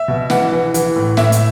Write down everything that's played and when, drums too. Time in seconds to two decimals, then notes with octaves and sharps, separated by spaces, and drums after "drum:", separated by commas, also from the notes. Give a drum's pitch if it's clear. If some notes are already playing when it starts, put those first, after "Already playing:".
Already playing: E5
0.08 B2
0.30 E3 F#5, drum: snare
0.52 E3
0.74 E3, drum: hi-hat
0.96 A2
1.17 A2 E5, drum: snare
1.32 drum: hi-hat